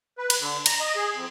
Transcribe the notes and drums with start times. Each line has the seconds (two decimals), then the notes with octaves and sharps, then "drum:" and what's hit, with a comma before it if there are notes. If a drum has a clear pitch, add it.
0.18 B4
0.30 drum: cymbal
0.40 D3
0.66 A#5, drum: cymbal
0.81 D#5
0.96 G#4
1.14 F2